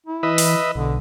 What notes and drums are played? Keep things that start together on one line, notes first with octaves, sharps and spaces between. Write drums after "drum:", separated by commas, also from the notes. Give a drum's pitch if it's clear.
E4
E3 B4 D#5 E5
drum: open hi-hat
B1 D3